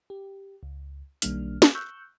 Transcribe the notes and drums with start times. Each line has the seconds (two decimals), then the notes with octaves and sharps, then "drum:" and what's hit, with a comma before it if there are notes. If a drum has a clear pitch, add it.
0.10 G4
0.63 C#2
1.22 B1 D#3 G3 A#3 D4 F6, drum: hi-hat
1.62 drum: snare
1.75 C#6 E6 F#6 G6